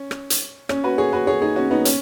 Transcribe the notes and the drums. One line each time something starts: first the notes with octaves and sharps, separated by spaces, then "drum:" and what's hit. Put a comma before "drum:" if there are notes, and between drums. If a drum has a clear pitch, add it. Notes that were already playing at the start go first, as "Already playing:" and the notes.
Already playing: C#4
drum: rim click
drum: hi-hat
C#4, drum: rim click
F#4 B4
G#4 C#5
F#4 B4
G#4 C#5
D#4 G#4
C#4 F#4
B3 D#4
C#4, drum: hi-hat